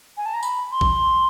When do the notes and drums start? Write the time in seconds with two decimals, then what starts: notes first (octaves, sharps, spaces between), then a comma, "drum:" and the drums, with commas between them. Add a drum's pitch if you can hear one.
0.17 G#5
0.26 A5
0.34 A#5
0.43 B5, drum: tambourine
0.71 C6
0.81 drum: kick A1